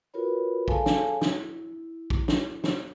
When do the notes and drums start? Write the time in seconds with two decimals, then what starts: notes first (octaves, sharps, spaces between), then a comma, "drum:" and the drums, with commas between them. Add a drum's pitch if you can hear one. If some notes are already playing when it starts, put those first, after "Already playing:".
0.14 F4 F#4 A#4 B4 C#5 B5
0.68 G#4 A4 C#5 F5 G#5 A5, drum: kick
0.86 drum: snare
1.22 drum: snare
1.39 E4
2.10 drum: kick
2.28 drum: snare
2.64 drum: snare